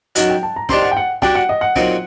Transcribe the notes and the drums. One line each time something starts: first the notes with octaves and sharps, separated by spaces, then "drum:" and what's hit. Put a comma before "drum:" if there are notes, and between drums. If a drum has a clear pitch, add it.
F#2 D#3 F#3 F#5, drum: hi-hat
G5
A5
A#5
D#3 G3 D4 G4 C5 C6, drum: snare
F#5
G5
F#5
G3 D4 F#4 G5, drum: snare
F#5
D#5
F#5
A#2 F#3 C4 D#4 F#4, drum: snare